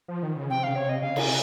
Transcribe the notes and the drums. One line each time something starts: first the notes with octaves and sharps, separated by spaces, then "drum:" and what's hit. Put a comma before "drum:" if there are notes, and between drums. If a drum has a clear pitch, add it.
F3
D#3
C#3
C3 G5
F5
C#3
C3 C#5
D#5
C#3 F5
C#3 G#5, drum: cymbal
C3